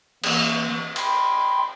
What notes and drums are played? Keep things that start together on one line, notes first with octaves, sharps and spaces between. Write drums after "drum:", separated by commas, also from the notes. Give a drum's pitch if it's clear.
E3 A#3, drum: cymbal
G5 B5 C6, drum: cymbal